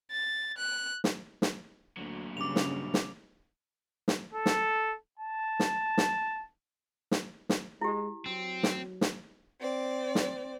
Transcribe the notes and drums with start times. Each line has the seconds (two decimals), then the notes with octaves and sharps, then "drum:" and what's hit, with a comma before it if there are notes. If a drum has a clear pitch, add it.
0.11 A6
0.57 F#6
1.04 drum: snare
1.42 drum: snare
1.97 D2 A#2 F#3
2.37 G2 C#3 D6 F7
2.56 drum: snare
2.94 drum: snare
4.08 drum: snare
4.34 A4
4.46 drum: snare
5.20 A5
5.60 drum: snare
5.98 drum: snare
7.11 drum: snare
7.49 drum: snare
7.81 G#3 E4 G4
8.26 F#3 C4
8.63 drum: snare
9.01 drum: snare
9.61 C4 D5
10.15 drum: snare